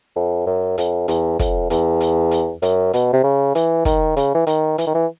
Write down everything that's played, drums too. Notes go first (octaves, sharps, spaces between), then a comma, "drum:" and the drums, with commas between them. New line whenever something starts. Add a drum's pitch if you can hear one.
F2
F#2
F2, drum: hi-hat
E2, drum: hi-hat
F2, drum: kick, hi-hat
E2, drum: hi-hat
drum: hi-hat
drum: hi-hat
F#2, drum: hi-hat
B2, drum: hi-hat
C3
C#3
E3, drum: hi-hat
D#3, drum: kick, hi-hat
C#3, drum: hi-hat
E3
D#3, drum: hi-hat
E3, drum: hi-hat
D#3
E3